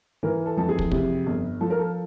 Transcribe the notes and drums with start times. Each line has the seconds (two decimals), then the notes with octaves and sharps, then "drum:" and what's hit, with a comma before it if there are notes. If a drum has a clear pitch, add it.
0.23 E3 A#4
0.46 A4
0.57 F2 A4
0.69 G#4
0.79 drum: kick
0.91 C3, drum: kick
1.26 G1
1.61 F3 A4
1.70 A#4
1.79 A4